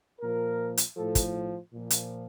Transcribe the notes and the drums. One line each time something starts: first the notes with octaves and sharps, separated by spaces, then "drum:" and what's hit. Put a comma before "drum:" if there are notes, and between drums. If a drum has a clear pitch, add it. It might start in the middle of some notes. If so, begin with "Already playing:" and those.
A#2 F3 A#4
drum: hi-hat
A2 F3 A4
drum: kick, hi-hat
A#2 F3
drum: hi-hat